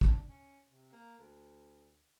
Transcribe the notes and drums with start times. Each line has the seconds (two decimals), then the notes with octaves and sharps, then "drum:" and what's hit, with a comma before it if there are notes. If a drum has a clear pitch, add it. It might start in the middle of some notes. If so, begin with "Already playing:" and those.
0.01 D4, drum: kick
0.29 C#4
0.70 C3
0.92 A#3
1.19 D2